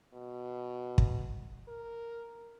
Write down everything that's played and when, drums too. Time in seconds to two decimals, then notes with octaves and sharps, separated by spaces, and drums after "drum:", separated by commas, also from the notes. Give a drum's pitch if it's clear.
0.14 B2
0.98 drum: kick
1.68 A#4